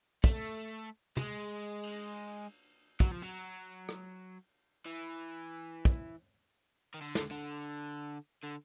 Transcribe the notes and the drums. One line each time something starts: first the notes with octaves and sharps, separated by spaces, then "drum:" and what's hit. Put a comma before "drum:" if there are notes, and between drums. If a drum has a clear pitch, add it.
A3, drum: kick
G#3, drum: tom
drum: cymbal
F#3, drum: kick
F3
F#3, drum: hi-hat
drum: rim click
E3
drum: kick
D#3
D3
drum: snare
D3
D3